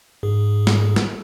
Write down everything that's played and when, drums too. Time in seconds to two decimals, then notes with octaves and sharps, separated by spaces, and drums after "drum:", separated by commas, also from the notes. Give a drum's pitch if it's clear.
0.23 G#2 G#4
0.67 drum: snare
0.96 drum: snare